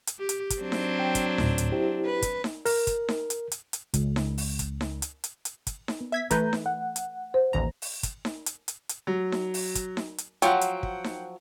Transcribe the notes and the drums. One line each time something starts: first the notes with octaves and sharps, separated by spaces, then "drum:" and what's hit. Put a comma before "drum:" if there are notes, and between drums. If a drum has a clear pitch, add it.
drum: hi-hat
G4
drum: hi-hat
drum: kick, hi-hat
F#3 C4 D4
drum: snare D#4
G5
drum: kick, hi-hat
D2 A2, drum: snare D#4
drum: hi-hat
E4 G4 C5
B4
drum: kick, hi-hat
drum: snare D#4
A#4, drum: open hi-hat
drum: kick, hi-hat
drum: snare D#4
drum: hi-hat
drum: hi-hat
drum: hi-hat
C#2, drum: kick, hi-hat
drum: snare D#4
drum: open hi-hat
drum: kick, hi-hat
drum: snare D#4
drum: hi-hat
drum: hi-hat
drum: hi-hat
drum: kick, hi-hat
drum: snare D#4
B3
E5 G#6 B6
E3 A3 B4 A#5 G6, drum: kick, hi-hat
drum: snare D#4
F#5
drum: hi-hat
C5
A1 D#2 A#5
drum: open hi-hat
drum: kick, hi-hat
drum: snare D#4
drum: hi-hat
drum: hi-hat
drum: hi-hat
F#3
drum: snare D#4
drum: open hi-hat
drum: kick, hi-hat
drum: snare D#4
drum: hi-hat
F3 F#3 F#5 G5, drum: hi-hat
drum: hi-hat
drum: kick
drum: snare D#4